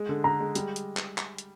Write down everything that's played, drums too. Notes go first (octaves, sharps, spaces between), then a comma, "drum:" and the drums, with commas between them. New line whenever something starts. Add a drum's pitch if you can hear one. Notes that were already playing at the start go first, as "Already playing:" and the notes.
Already playing: G#3
D3
D3 A#5
G#3
G3, drum: hi-hat
drum: hi-hat
drum: clap
drum: clap
drum: hi-hat